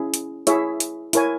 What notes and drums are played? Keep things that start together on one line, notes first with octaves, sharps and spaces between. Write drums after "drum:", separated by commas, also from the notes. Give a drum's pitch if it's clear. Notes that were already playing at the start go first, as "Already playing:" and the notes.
Already playing: C#4 E4 G#4
drum: hi-hat
E4 G#4 C#5 E5, drum: hi-hat
drum: hi-hat
E4 A#4 C#5 G#5, drum: hi-hat